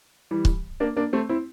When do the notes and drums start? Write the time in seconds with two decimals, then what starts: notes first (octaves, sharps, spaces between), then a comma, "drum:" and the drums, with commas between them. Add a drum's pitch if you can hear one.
0.31 E3 G3
0.45 drum: kick C#1
0.80 A#3 D4
0.97 A#3 D4
1.13 A3 C4
1.29 C4 E4